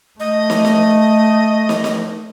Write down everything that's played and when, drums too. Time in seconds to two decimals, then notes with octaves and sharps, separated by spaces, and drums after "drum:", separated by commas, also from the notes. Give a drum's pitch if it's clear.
0.20 A3 D#5
0.50 drum: snare
0.65 drum: snare
1.69 drum: snare
1.84 drum: snare